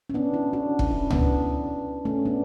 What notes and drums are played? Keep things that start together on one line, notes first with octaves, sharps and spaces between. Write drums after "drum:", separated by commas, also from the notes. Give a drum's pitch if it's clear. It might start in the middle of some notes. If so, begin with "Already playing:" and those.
C#4
B3 D4
C#4 E4
D4 F#4
drum: kick F1
C#4 E4
B3 D4, drum: tom C#2
A3 C#4
B3 D4